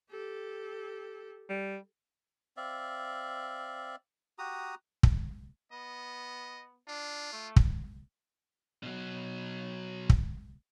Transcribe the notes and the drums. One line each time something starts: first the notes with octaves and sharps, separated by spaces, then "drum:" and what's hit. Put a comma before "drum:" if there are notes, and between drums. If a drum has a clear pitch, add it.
G4 A4
G3
C4 D5 E5 F5
F#4 G4 A#5 D#6
drum: kick
B3 D#5
D4 F4
A3
drum: kick
B2 F#3
drum: kick